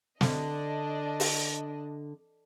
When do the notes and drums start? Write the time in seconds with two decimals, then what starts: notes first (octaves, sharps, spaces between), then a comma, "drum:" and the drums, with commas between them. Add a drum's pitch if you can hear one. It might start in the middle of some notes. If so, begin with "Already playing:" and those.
0.21 D3 D4 D#5, drum: snare
1.20 drum: open hi-hat